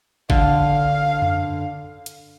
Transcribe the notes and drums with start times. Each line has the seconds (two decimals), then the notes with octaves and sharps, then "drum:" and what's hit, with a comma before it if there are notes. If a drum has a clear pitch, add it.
0.30 D3 F5, drum: kick G#1
1.22 drum: tom F2
2.06 drum: hi-hat